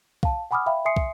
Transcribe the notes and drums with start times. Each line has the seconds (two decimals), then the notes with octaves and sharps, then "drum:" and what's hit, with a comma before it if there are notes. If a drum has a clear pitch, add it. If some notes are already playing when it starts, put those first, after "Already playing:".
0.23 F5 A5, drum: kick
0.51 F#5 G#5 B5 D6 D#6 F6
0.66 E5 F5 G5 B5
0.85 E5 G#5 C6 D#6 C7 C#7
0.96 drum: kick